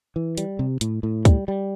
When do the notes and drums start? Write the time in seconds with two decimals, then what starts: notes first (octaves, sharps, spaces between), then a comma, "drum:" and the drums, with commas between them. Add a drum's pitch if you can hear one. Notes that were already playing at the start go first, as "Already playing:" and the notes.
0.16 E3
0.38 G3, drum: hi-hat
0.59 C3
0.81 A2, drum: hi-hat
1.03 A2
1.25 G3, drum: kick, hi-hat
1.48 G3